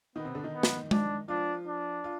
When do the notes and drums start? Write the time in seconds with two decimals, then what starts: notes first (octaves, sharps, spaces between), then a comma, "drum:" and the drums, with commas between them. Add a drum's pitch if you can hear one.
0.15 D#3 B3 D#4
0.25 C3 C4
0.35 D3 D4
0.43 D#3 D#4
0.53 B3
0.63 drum: snare
0.91 D4, drum: tom G#3
1.28 F3 D4 F4
1.66 D4
2.04 F4